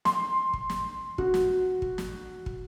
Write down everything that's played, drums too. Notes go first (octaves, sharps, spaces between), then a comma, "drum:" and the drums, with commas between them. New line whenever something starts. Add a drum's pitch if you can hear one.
C6, drum: snare
drum: kick
drum: snare
F#4, drum: kick
drum: snare
drum: kick
drum: snare
drum: kick